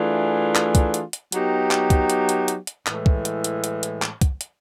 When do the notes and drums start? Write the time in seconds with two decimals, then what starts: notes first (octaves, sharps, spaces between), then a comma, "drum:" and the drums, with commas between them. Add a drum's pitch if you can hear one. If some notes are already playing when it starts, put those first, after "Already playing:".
Already playing: E3 A3 D4 F4 G#4
0.55 drum: clap
0.75 drum: kick C2, hi-hat
0.94 drum: hi-hat
1.13 drum: hi-hat
1.32 F#3 B3 D#4 G4, drum: hi-hat
1.71 drum: clap
1.90 drum: kick C2, hi-hat
2.10 drum: hi-hat
2.29 drum: hi-hat
2.48 drum: hi-hat
2.67 drum: hi-hat
2.87 A2 E3 G#3, drum: clap
3.06 drum: kick C2
3.25 drum: hi-hat
3.44 drum: hi-hat
3.64 drum: hi-hat
3.83 drum: hi-hat
4.02 drum: clap
4.21 drum: kick C2, hi-hat
4.41 drum: hi-hat